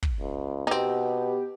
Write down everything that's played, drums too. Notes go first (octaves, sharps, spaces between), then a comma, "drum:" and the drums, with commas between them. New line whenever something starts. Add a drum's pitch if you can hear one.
drum: kick
C#2
B2 B3 C4 D#4 G4